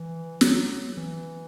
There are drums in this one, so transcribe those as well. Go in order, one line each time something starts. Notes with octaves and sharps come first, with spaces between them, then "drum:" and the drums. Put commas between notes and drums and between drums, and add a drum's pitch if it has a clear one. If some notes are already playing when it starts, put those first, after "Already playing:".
Already playing: E3
F#3, drum: snare
E3